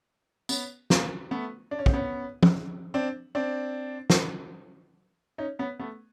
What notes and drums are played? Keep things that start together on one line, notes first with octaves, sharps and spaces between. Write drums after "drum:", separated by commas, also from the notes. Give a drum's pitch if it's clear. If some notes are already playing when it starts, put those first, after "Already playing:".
B3 C#4, drum: tambourine
A#3 C4, drum: snare
A3 B3
D4
C#4
C4, drum: kick
B3 C#4
drum: tom
C4 D4
C4 D4
drum: snare
C#4 D#4
B3 C#4
A3 B3